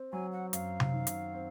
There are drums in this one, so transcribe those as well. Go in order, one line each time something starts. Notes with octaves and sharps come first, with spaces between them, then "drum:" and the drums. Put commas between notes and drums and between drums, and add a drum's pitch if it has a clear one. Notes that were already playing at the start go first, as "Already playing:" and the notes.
Already playing: C4
F#3 G#5
F#5
F#2 F5, drum: hi-hat
drum: tom C3
D#3
drum: hi-hat
C4